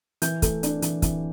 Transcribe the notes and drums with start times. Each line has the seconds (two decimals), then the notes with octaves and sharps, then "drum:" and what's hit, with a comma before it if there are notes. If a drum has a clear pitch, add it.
0.22 E3 G6, drum: hi-hat
0.42 A3, drum: kick, hi-hat
0.63 D4, drum: hi-hat
0.82 E3, drum: hi-hat
1.02 E3, drum: kick, hi-hat